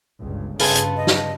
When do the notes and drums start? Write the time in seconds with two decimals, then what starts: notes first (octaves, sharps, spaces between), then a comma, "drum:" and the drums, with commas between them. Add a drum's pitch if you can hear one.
0.21 G1 C#2 G2
0.59 G2 C#3 F4 G#4 A4 B4, drum: open hi-hat
0.75 drum: hi-hat
0.97 D#5
1.07 drum: snare